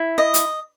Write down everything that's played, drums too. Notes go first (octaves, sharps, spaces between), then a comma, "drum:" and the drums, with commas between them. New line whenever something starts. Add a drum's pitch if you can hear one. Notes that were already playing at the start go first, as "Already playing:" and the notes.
Already playing: E4
D#5
drum: hi-hat